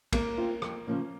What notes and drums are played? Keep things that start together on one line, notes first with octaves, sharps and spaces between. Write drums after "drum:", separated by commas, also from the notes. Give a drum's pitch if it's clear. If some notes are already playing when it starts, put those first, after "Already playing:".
G#3 A#3, drum: kick, cymbal
C4 F4
F2, drum: rim click
C#3 F3 A#3 C#4